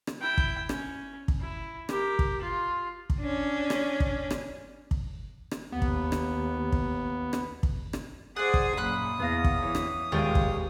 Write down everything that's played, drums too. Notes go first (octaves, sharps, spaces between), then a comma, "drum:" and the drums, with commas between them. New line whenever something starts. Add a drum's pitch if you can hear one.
drum: rim click
E4 G5
drum: kick
C#4, drum: rim click
drum: kick
E4
G4 A#4, drum: rim click
drum: kick
F4
drum: kick
C#4 D4
drum: rim click
drum: kick
drum: rim click
drum: kick
drum: rim click
D#2 B3
drum: kick
drum: rim click
drum: kick
drum: rim click
drum: kick
drum: rim click
G#4 C5 D5 F#5 D#6
drum: kick
F#2 A#2 B5 F#6
E2 B3 F5 A#6
drum: kick
E3 C#5
drum: rim click
D#1 G#3 F4 C#5 D5 G5
drum: kick